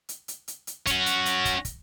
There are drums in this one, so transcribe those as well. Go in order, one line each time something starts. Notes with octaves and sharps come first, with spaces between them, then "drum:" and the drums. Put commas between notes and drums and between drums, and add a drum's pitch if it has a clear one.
drum: hi-hat
drum: hi-hat
drum: hi-hat
drum: hi-hat
C#4 F#4, drum: kick, hi-hat
drum: hi-hat
drum: hi-hat
drum: kick, hi-hat
drum: kick, hi-hat